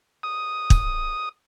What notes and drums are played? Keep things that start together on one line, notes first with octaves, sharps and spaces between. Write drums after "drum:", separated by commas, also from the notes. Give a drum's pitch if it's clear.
D#6
drum: kick